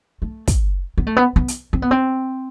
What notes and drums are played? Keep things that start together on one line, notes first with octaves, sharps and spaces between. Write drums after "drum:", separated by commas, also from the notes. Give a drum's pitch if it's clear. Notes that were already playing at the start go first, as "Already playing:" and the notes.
A3
drum: kick, hi-hat
B3
A3
B3
B3
drum: hi-hat
C4
B3
C4